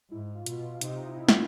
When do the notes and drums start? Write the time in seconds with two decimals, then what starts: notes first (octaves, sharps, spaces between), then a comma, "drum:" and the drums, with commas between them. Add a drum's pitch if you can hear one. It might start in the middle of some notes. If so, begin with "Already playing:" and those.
0.11 G#2 E4
0.35 F4
0.46 B2, drum: hi-hat
0.81 C3 D#4, drum: hi-hat
1.06 E4
1.29 F4, drum: snare